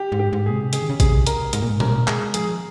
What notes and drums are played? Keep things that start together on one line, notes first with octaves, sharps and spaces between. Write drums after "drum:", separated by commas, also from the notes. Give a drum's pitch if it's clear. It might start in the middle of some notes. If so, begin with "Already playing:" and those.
Already playing: G4
G#2
G4
G#2
A#2 G#4
C3
C#3 G#4, drum: hi-hat
D#3
C#3
C3 G#4, drum: kick A1, hi-hat
A#4, drum: hi-hat
G#2 A#4, drum: hi-hat
A#2
G#2
A#2 A#4, drum: tom B2
G#3 G#4, drum: clap
F3 G#4, drum: hi-hat